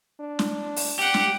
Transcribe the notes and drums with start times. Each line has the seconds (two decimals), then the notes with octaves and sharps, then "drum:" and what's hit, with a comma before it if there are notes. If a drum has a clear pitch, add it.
0.20 D4
0.39 drum: snare
0.76 drum: open hi-hat
0.99 G4 F#5 G5
1.14 drum: snare